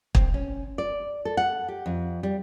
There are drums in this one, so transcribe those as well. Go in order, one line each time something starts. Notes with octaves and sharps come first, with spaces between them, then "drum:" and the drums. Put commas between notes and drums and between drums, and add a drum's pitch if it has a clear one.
C4, drum: kick
C#4
D5
A4
F#5
G4
F2
G3